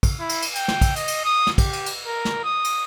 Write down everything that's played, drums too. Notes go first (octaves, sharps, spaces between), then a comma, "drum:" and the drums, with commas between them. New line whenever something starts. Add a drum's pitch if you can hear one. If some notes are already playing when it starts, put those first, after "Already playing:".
drum: kick, cymbal
E4
drum: cymbal
drum: cymbal
G5, drum: cymbal
drum: snare
drum: kick, cymbal
D#5, drum: cymbal
drum: cymbal
D#6
drum: snare
G4, drum: kick, cymbal
drum: cymbal
drum: cymbal
A#4
drum: snare
D#6
drum: cymbal